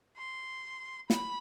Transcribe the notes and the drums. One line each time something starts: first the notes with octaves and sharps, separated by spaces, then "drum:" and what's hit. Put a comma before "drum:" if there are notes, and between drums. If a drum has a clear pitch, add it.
C6
B5, drum: snare